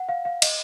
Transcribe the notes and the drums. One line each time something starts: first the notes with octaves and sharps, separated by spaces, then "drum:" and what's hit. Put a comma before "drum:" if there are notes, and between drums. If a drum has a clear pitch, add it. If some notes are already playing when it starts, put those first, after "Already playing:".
Already playing: F#5
F5
F5
D#5, drum: cymbal